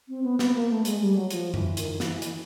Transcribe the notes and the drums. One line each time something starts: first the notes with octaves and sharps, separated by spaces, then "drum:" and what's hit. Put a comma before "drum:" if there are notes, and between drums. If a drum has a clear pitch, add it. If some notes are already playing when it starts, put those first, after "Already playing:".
C4
B3
B3, drum: snare
A#3
A3
G#3, drum: hi-hat
G3
F#3
F3, drum: hi-hat
E3, drum: tom
D#3, drum: hi-hat
D#3
E3, drum: snare
E3, drum: hi-hat